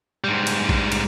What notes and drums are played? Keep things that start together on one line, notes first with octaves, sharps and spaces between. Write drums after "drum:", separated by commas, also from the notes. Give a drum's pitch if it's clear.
G#2 G3
drum: cymbal
drum: kick
drum: cymbal